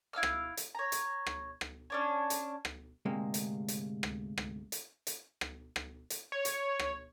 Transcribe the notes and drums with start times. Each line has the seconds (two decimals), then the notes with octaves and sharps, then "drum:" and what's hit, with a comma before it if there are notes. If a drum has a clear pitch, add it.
0.13 E4 F5 E6 F6
0.23 drum: rim click
0.57 drum: hi-hat
0.75 C#5 A#5
0.92 drum: hi-hat
1.26 drum: rim click
1.61 drum: rim click
1.90 C#4 D4 C#5
2.30 drum: hi-hat
2.65 drum: rim click
3.05 D2 G#2 C3 G#3 A#3
3.34 drum: hi-hat
3.68 drum: hi-hat
4.03 drum: rim click
4.38 drum: rim click
4.72 drum: hi-hat
5.07 drum: hi-hat
5.41 drum: rim click
5.76 drum: rim click
6.10 drum: hi-hat
6.32 C#5
6.45 drum: hi-hat
6.79 drum: rim click